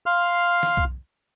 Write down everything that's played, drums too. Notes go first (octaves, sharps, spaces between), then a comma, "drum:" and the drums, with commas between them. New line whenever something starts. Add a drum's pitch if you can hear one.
F5 C6 F6
drum: snare D#3
drum: kick B1